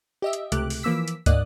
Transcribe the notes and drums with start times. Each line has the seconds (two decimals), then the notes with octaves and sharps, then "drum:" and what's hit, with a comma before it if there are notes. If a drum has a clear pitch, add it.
0.22 G4 D#5 E5
0.33 drum: hi-hat
0.52 C#2 C3 A3 G4 D6 F#6, drum: hi-hat
0.70 drum: open hi-hat
0.83 E3 F3 A#3 D6 E6 B6
1.08 drum: hi-hat
1.26 G#2 A#3 D5 D#5 D#6 F#6, drum: kick, hi-hat